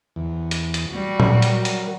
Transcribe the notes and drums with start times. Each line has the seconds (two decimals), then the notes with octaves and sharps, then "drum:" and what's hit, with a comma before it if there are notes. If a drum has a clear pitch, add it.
0.16 E2
0.51 drum: hi-hat
0.74 drum: hi-hat
0.90 G3 F#4
1.20 F#3 A#4, drum: tom A#2
1.42 drum: hi-hat
1.65 drum: hi-hat